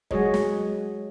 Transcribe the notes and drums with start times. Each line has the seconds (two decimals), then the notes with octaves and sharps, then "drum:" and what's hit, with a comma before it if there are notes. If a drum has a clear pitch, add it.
0.11 F#3 G#3 F#4 G#4 C#5 D#5, drum: kick
0.34 drum: snare